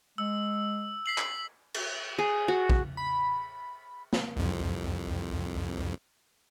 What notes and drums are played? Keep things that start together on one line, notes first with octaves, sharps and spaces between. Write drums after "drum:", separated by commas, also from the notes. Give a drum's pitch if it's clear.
G#3 E6
B6 C7 F#7
drum: clap
drum: cymbal
G#4
F#4
drum: kick
B5
drum: snare
C2 F2